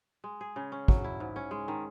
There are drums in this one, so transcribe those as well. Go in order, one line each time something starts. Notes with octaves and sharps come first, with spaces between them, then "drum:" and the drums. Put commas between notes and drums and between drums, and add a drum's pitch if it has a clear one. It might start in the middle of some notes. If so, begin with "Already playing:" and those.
G#3
G#4
C#3
C#4
F#3, drum: kick
E4
G#2
C#4
G#3
D#3